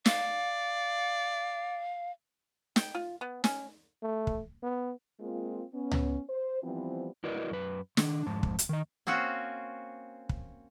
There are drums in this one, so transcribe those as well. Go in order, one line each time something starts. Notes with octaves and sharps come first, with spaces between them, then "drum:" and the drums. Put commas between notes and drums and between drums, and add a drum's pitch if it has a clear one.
D5 F5, drum: snare
G5, drum: snare
F4
B3
C#4, drum: snare
A3
drum: kick
B3
G#3 A#3 C4 F4
B3 C#4
drum: tom C#2
C5
E3 F3 G3 B3 C4
E4 F#4 A#4 B4 D5 D#5
F#2 B4
D#3 D4, drum: snare
F2 G#2 A5
drum: kick
drum: hi-hat
D#3 D#5
A#3 C4 C#4 F#4
drum: kick